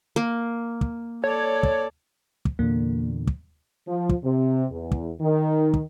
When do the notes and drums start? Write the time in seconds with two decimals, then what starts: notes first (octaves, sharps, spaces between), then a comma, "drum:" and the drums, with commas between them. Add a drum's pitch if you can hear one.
0.16 A#3
0.81 drum: kick
1.24 A4 C#5 D5
1.63 drum: kick
2.45 drum: kick
2.59 E2 A#2 D3 A#3
3.27 drum: kick
3.88 F3
4.09 drum: kick
4.24 C3
4.71 E2
4.92 drum: kick
5.21 D#3
5.74 drum: kick